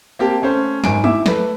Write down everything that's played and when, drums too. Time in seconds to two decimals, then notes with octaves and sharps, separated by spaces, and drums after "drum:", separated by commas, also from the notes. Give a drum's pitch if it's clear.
0.19 A#3 C4 G4 A5
0.42 A3 C#4 C5
0.84 G#1 G#5 D7, drum: snare
1.04 E4 E5 D6, drum: tom
1.26 A3 B4, drum: snare